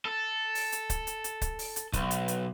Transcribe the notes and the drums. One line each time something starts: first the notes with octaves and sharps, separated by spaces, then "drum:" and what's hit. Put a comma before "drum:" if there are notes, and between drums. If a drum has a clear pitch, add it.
A4
drum: open hi-hat
drum: hi-hat
drum: kick C#1, hi-hat
drum: hi-hat
drum: hi-hat
drum: kick C#1, hi-hat
drum: open hi-hat
drum: hi-hat
B1, drum: kick C#1, hi-hat
drum: hi-hat
drum: hi-hat